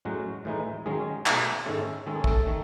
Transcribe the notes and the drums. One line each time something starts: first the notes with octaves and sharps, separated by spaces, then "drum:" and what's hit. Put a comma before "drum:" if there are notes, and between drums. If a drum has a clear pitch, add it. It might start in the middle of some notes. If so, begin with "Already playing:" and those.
A2 F#3 G#3 C#4 F#4
A2 E3 G#3 D#4
D#3 F#3 G#3 C#4 G#4
B2 A3 D#4, drum: clap
G#2 D#3 G#3 A3 C#4 A4
D#3 G#3 C#4 A4
G#4
A3 A4, drum: kick
D#3 A3